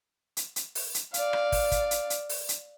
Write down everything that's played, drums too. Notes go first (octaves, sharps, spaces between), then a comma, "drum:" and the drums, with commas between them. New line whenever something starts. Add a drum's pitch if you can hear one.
drum: hi-hat
drum: hi-hat
drum: open hi-hat
drum: hi-hat
D5 F5, drum: hi-hat
drum: rim click
drum: kick, open hi-hat
drum: kick, hi-hat
drum: hi-hat
drum: hi-hat
drum: open hi-hat
drum: hi-hat